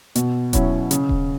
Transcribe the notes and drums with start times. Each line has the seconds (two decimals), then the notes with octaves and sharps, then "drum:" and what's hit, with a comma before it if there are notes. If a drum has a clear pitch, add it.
0.15 B2, drum: hi-hat
0.53 F#3 C#4 E4, drum: kick D#1, hi-hat
0.91 C#3, drum: hi-hat
1.09 drum: kick D#1